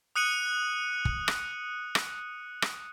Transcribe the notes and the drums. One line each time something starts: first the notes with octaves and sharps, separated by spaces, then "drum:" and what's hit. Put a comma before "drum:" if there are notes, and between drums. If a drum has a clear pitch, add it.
D#6 F#6 C#7 D#7 F#7
drum: kick
drum: rim click
drum: rim click
drum: rim click